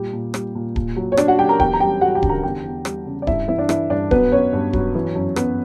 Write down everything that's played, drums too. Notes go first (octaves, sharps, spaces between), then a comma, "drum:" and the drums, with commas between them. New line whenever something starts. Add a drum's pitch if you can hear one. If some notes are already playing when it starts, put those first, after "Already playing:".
Already playing: A#2 G3 G4
A#2
G3, drum: rim click
A#2
A#2, drum: kick D1
F#3
C#5
F#3 D4 D5, drum: rim click
F#4 F#5
F#3 G4 G5
A#4 A#5
E2 G4 G5, drum: kick D1
A#5
G3 G4 G5
G3 F#4 F#5
G4 G5
D3, drum: kick D1
A#4 A#5
E2 G4 G5
E2
G3, drum: rim click
C#3
D5
G2 E4 E5, drum: kick D1
E3 E4 E5
D4 D5
E3 E4 E5, drum: rim click
G2 D4 D5
F#3 B3 B4, drum: kick D1
F#3 C#4 C#5
G2
F#3, drum: kick D1
E3
F#2
F#2 B3 B4, drum: rim click